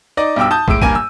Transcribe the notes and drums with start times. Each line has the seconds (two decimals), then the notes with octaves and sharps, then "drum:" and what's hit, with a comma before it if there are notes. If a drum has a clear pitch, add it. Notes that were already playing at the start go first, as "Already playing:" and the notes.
0.17 D#4 D5 D#5
0.36 B1 G2 G5 D6 E6
0.51 A5 D#6 G6
0.68 A2 G#3 E6 D7, drum: kick
0.82 G2 A#3 G#5 D#7, drum: kick
0.95 E6